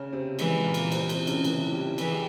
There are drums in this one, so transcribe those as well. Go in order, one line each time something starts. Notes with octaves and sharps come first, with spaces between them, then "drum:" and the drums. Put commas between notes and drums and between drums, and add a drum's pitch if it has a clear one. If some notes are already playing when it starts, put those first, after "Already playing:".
Already playing: C#3 C#4
C3 C4
E3 G#3, drum: cymbal
A#2 A#3
drum: cymbal
C3 C4, drum: cymbal
C3 C4, drum: cymbal
C#3 C#4, drum: cymbal
E3 E4, drum: cymbal
G3 G4
E3, drum: cymbal
G#4
G4